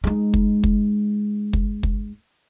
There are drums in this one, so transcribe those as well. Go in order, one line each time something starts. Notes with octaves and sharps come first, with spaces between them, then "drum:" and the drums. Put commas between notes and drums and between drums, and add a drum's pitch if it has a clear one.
G#3 D#4
drum: kick
drum: kick
drum: kick
drum: kick